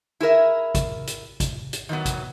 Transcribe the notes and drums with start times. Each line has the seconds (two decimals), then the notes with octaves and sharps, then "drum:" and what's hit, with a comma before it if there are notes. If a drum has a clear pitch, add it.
0.20 E4 G#4 A#4 E5
0.75 drum: kick G#1, hi-hat
1.07 drum: hi-hat
1.40 drum: kick G#1, hi-hat
1.73 drum: hi-hat
1.89 D#3 E3 F#3 B3
2.05 drum: kick G#1, hi-hat